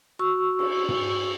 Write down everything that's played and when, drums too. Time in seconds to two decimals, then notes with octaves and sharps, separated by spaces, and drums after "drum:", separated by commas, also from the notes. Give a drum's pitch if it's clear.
0.19 F#4 C#6 E6
0.59 drum: cymbal
0.89 drum: tom